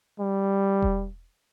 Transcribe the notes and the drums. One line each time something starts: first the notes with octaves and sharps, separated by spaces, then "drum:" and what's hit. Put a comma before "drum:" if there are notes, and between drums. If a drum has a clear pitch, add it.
G3
drum: kick E1